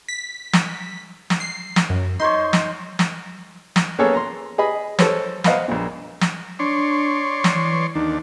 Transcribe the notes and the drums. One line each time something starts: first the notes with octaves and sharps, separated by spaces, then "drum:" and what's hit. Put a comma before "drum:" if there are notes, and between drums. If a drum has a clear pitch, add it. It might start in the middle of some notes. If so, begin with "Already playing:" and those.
B6
drum: snare
drum: snare
C7
drum: snare
F#2
D#4 C5 C#5 C6
drum: snare
drum: snare
drum: snare
A#3 B3 C#4 G#4 A4 C#5
A#5 C6
G#4 D#5 B5
A4 C5 C#5, drum: snare
C5 D#5 F5 F#5 A#5 B5, drum: snare
A#1 A#2
drum: snare
D4 C#5 D5 C6
drum: snare
E3
D#2 D4 D#4